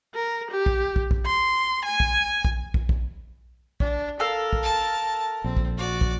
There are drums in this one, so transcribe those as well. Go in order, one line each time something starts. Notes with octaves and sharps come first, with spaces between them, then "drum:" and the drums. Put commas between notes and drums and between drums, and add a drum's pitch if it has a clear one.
A#4
G4
drum: kick
drum: kick
drum: kick
C6
G#5
drum: kick
drum: kick
drum: kick
drum: kick
D4, drum: kick
A4 A#4 F5
drum: kick
A5
A#1 C4
drum: kick
F#4 D5
drum: kick